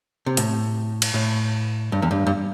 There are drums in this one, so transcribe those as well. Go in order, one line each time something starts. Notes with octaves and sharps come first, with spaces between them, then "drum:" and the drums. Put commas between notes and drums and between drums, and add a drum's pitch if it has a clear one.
C3
A2, drum: hi-hat
drum: cymbal
A2
G2
E2
G2
G2